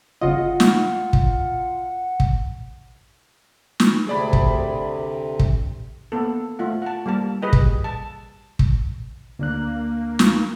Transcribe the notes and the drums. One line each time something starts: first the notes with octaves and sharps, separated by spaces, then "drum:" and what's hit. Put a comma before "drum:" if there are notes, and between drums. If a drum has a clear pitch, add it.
G1 C#3 F4 D#5 F#5
drum: snare
drum: kick
drum: kick
drum: snare
D2 C3 G#4 D5 B5
drum: kick
drum: kick
A#3 B3 A4
A3 F4 F#5
F#5 A5
G3 A#3 A#4 A5
G4 G#4 B4 D#5 G5
drum: kick
A5
drum: kick
D2 A#3 D4 F#6
drum: snare